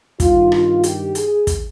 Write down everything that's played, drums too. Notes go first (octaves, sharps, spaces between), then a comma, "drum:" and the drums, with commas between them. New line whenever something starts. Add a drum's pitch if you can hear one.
G2 D#3 F4, drum: kick, hi-hat
F4, drum: rim click
G4, drum: hi-hat
G#4, drum: hi-hat
drum: kick, hi-hat